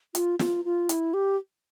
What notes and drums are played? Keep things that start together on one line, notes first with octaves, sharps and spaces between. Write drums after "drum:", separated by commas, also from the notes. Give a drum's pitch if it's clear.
F4, drum: hi-hat
F4, drum: snare
F4
E4, drum: hi-hat
G4